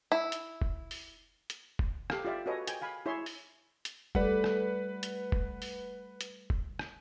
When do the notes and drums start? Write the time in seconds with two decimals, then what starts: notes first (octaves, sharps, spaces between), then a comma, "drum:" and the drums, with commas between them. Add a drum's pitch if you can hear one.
0.12 E4
0.32 drum: hi-hat
0.62 drum: kick
0.91 drum: open hi-hat
1.50 drum: hi-hat
1.79 drum: kick
2.10 G4 A4 F5, drum: rim click
2.25 F4 G4 D5 E5
2.46 F#4 G#4 A4 B4 C#5 D#5
2.67 G5 G#5, drum: hi-hat
2.82 F5 G#5 B5
3.06 E4 G#4 C#5 E5 C6
3.26 drum: open hi-hat
3.85 drum: hi-hat
4.15 G3 A3 B4 D5 F#5, drum: kick
4.44 drum: rim click
5.03 drum: hi-hat
5.32 drum: kick
5.62 drum: open hi-hat
6.21 drum: hi-hat
6.50 drum: kick
6.79 drum: rim click